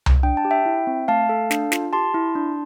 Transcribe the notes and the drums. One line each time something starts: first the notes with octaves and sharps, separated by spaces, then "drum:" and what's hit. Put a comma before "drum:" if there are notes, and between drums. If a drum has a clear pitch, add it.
drum: tom C2
D4 G5
A5
G4
E5 G5
E4
C4
A3 F5 A5
A4
D4, drum: snare
F4, drum: snare
G4 A5 C6
E4
D4